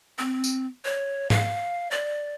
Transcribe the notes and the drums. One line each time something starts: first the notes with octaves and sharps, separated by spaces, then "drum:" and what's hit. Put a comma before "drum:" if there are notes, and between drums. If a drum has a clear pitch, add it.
C4
drum: tambourine
C#5
F5, drum: tom G#2
D5